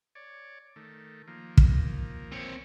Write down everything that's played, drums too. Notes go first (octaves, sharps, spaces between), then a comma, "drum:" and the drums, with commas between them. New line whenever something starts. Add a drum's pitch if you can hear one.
C#5 D5
D#3 A3
D#3 F3 A#3
drum: kick
C4 C#5